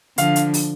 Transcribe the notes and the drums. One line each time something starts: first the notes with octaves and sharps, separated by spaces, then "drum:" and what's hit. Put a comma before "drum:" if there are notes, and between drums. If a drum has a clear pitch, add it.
D3 F3 F5, drum: hi-hat
drum: hi-hat
drum: open hi-hat